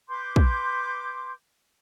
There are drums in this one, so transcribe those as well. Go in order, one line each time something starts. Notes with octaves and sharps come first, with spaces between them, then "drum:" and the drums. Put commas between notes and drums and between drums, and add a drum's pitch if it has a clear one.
B4 C6 D6 G6
drum: kick